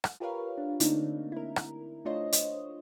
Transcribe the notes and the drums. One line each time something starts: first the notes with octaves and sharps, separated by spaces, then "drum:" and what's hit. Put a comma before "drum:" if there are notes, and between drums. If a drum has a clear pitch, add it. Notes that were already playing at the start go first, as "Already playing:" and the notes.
drum: rim click
F4 G4 A#4 B4 C#5 F5
D4
D3 A3 A#3 C4 D4 D#4, drum: hi-hat
E4 A#4
drum: rim click
A3 D4 F4 C5 C#5 D#5
drum: hi-hat